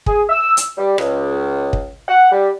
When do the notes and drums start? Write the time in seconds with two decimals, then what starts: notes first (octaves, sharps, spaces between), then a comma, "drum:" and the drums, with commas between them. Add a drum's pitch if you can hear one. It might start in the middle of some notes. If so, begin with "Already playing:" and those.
0.06 G#4, drum: kick
0.30 E6
0.57 drum: hi-hat
0.78 G3
0.98 C#2, drum: rim click
1.73 drum: kick
2.08 F#5
2.32 G3